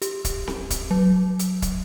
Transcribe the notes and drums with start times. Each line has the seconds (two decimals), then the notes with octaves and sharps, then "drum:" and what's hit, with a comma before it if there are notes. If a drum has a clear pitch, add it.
0.02 G4, drum: hi-hat
0.25 drum: kick, hi-hat
0.47 drum: snare C4
0.70 drum: kick, hi-hat
0.91 F#3
1.39 drum: hi-hat
1.62 drum: kick, hi-hat